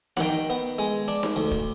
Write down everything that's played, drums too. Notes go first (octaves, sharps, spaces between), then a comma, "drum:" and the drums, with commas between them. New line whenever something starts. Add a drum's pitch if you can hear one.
F#5, drum: snare D#4
D#3 G5
B3
G#3
D4
drum: snare D#4
D2
drum: kick